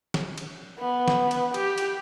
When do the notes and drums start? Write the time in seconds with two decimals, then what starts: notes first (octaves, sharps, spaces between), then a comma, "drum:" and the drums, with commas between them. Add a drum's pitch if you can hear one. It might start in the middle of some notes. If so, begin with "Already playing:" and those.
0.14 drum: snare
0.38 drum: cymbal
0.79 B3
1.08 drum: snare
1.31 drum: cymbal
1.54 G4, drum: cymbal
1.78 drum: cymbal